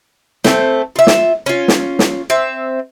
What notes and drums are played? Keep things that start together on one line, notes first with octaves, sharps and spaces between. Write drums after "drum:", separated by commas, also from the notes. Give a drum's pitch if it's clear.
A3 C4, drum: snare
F4 E5
drum: snare
C#4 F4
drum: snare
drum: snare
C4 E5